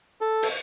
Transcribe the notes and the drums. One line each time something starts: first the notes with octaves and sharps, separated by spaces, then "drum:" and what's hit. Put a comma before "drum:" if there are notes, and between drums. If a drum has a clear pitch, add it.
A4
drum: open hi-hat